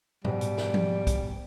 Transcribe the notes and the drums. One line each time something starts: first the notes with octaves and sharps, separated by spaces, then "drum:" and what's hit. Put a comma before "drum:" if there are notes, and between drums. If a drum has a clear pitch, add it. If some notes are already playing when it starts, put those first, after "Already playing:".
G#2 B2 G3, drum: tom
drum: hi-hat
drum: snare
drum: tom F3
drum: kick, hi-hat